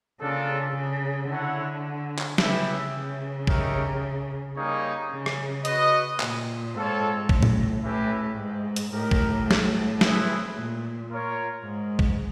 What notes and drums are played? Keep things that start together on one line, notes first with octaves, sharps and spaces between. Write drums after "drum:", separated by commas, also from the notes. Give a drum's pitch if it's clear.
C#3 A#3 D4 F4 A4
C#3
D3 E4 A4 C#5 F#5
drum: clap
C#3 B3 E4 G4 B4 E5, drum: snare
C#3
D#4 G4 A#4 C#5 E5, drum: kick A#1
G3 A#3 D#4 G#4 C#5
C#3
drum: rim click
F#4 B4 D#5, drum: hi-hat
A#2, drum: clap
G#2 C4 F4 A4 C#5
A2, drum: kick A#1
drum: tom A#2
A2 C#4 E4 G4 B4 E5
G#2
drum: hi-hat
A2 D#4 G4 A#4
drum: kick A#1
drum: snare
A3 C4 E4 G#4 B4, drum: snare
A#2
F4 A#4 C#5
G#2
drum: kick A#1